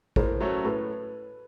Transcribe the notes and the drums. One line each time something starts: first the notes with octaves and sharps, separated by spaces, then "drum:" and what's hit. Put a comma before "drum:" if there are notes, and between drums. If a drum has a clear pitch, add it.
A2 A#4 C5, drum: kick
F#3 A3 C#4 F#4
A2 A4 B4